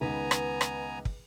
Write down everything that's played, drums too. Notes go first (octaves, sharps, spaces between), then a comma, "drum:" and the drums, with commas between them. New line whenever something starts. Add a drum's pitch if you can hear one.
C#2 D#3 B3 B4 G#5 A#5
drum: rim click
drum: rim click
drum: kick